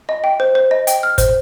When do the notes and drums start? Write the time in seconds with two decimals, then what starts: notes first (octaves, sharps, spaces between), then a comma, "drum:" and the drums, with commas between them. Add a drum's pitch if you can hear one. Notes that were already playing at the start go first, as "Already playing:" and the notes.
0.09 D#5
0.24 G5
0.40 C5
0.55 C5
0.71 D#5
0.87 G5, drum: hi-hat
1.03 F6
1.18 C5, drum: kick, hi-hat